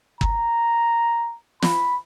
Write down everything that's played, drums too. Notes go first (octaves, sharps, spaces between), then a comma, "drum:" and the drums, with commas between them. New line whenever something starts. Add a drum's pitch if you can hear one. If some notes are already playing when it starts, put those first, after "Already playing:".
A#5, drum: kick
B5, drum: snare